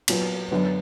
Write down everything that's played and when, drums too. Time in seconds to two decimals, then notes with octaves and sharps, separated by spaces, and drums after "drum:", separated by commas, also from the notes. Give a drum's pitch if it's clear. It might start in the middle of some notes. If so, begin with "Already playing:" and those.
0.08 A#2 F#3 B3, drum: cymbal
0.51 F#2 D3 F#3 B3